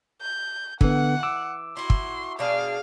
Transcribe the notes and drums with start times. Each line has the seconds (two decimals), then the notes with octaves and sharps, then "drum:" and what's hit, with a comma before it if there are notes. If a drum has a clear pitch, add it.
0.21 G6
0.81 D3 E3 B3 F#5, drum: kick
1.23 D6 E6
1.77 E4 F#4 C6
1.90 drum: kick
2.39 B2 D4 G#4 F5